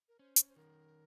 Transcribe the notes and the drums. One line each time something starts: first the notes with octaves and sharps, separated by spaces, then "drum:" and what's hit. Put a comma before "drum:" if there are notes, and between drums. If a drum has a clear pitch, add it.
A#4
C#4 C5
drum: hi-hat
C5
D#3 A#4